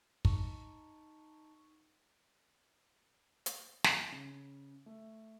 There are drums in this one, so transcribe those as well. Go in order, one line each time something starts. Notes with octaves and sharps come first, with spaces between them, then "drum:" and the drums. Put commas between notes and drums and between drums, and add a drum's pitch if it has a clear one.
D#4 A5 C#6, drum: kick
drum: hi-hat
drum: snare
C#3
A3